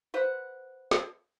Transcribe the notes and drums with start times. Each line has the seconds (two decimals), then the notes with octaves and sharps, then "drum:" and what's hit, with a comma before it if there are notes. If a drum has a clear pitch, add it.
0.14 B4 C5 F#5
0.91 drum: snare